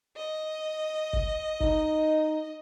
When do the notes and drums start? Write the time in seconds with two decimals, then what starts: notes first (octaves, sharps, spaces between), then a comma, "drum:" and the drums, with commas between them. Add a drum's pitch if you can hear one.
0.17 D#5
1.13 drum: kick G#1
1.60 D#4, drum: kick G#1